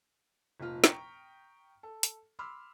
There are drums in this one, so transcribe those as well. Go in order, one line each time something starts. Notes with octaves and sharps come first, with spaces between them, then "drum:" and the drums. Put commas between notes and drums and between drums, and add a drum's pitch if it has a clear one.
F1 A#2 F3 F4 F6
G5 A#5 C#6 D#6 B6 C#7, drum: snare
A4
drum: hi-hat
B5 C6 D6 E6 F6